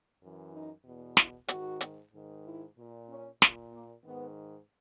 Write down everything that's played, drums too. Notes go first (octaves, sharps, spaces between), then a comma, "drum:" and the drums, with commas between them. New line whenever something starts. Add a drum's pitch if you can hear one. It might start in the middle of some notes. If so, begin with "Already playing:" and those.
F#2 E3
D#4
E2 B2
E4, drum: snare
G#2 D#3 F#4, drum: hi-hat
drum: hi-hat
G#2 D#3
E4
A#2
C#4
A#2, drum: snare
A#3
G#2 D#3 B3